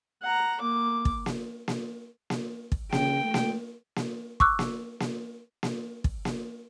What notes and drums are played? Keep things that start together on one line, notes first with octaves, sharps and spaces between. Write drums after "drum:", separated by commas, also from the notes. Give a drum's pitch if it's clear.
F#5 A#5
A#3 D6
drum: kick
drum: snare A#3
drum: snare A#3
drum: snare A#3
drum: kick
C#3 G5, drum: snare A#3
A3
drum: snare A#3
drum: snare A#3
C#6 D6 E6 F#6, drum: kick
drum: snare A#3
drum: snare A#3
drum: snare A#3
drum: kick
drum: snare A#3